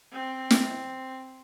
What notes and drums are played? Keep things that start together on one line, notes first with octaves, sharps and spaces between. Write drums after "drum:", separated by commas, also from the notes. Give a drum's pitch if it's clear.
C4
drum: snare